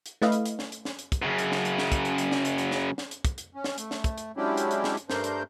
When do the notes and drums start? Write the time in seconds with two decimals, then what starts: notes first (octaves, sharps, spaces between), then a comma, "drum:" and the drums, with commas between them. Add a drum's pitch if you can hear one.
0.06 drum: hi-hat
0.22 A3 E4 B4 D#5 F5, drum: snare
0.32 drum: hi-hat
0.45 drum: hi-hat
0.59 drum: snare
0.72 drum: hi-hat
0.85 drum: snare
0.99 drum: hi-hat
1.12 drum: kick, hi-hat
1.22 F#2 C#3
1.39 drum: hi-hat
1.52 drum: snare
1.65 drum: hi-hat
1.78 drum: snare
1.92 drum: kick, hi-hat
2.05 drum: hi-hat
2.18 drum: hi-hat
2.32 drum: snare
2.45 drum: hi-hat
2.58 drum: hi-hat
2.71 drum: snare
2.98 drum: snare
3.11 drum: hi-hat
3.25 drum: kick, hi-hat
3.38 drum: hi-hat
3.55 C#4
3.64 drum: snare
3.78 A3, drum: hi-hat
3.91 drum: snare
4.04 drum: kick, hi-hat
4.18 drum: hi-hat
4.37 F#3 G#3 C#4 D4 E4 G4
4.57 drum: hi-hat
4.71 drum: hi-hat
4.84 drum: snare
4.97 drum: hi-hat
5.10 G2 A3 D4 A#4 C5 G6, drum: snare
5.24 drum: hi-hat